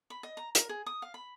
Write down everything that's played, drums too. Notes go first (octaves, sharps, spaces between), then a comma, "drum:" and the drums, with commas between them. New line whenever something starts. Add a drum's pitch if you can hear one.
B5
D#5
A#5
A#4, drum: hi-hat
G#4
D#6
F5
B5